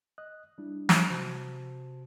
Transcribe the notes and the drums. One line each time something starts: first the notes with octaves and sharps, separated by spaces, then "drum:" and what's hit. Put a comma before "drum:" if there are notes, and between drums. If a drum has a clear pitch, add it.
D#5 D#6 F#6
G3 D4 E4
drum: snare
C3 F#4 C5 G#5 A5